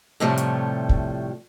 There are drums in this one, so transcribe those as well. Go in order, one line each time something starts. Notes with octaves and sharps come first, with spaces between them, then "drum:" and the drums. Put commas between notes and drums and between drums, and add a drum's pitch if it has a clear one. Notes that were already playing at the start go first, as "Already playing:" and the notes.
A2 C3 F3 G3 A3 C#5
drum: hi-hat
drum: kick